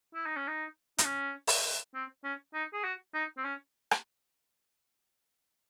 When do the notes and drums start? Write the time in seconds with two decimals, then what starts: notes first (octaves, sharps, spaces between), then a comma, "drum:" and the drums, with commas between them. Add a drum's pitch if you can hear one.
0.14 E4
0.26 D#4
0.36 C#4
0.48 D#4
0.98 D#4, drum: hi-hat
1.05 C#4
1.47 drum: open hi-hat
1.95 C4
2.24 C#4
2.54 D#4
2.73 G#4
2.84 F#4
3.14 D#4
3.38 C4
3.45 C#4
3.91 drum: rim click